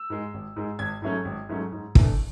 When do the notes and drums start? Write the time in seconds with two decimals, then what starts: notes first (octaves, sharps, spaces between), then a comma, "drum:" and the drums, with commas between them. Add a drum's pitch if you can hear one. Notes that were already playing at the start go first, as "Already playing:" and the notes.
Already playing: E6
0.10 G#2 G#3
0.34 G#1
0.56 G#2 G#3
0.79 G#1 G#6
1.02 G#2 F#3 A3 C#4
1.25 G#1
1.49 G#2 F#3 A3 C#4
1.72 G#2
1.95 E3 A3 D4, drum: kick